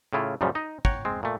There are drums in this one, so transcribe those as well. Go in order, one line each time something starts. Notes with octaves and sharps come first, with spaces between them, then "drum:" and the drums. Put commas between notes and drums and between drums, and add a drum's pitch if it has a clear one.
A2 C#3 E4 F4
F#2 A#2 C#3 F3 G3
D#4 D#5
C#5 F#5 G5 A#5, drum: kick
G#3 C4
A#2 A3